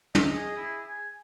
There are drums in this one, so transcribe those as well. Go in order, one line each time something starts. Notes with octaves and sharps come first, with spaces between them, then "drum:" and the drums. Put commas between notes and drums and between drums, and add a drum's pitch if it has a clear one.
D#5, drum: tom
G#4
E4
G#5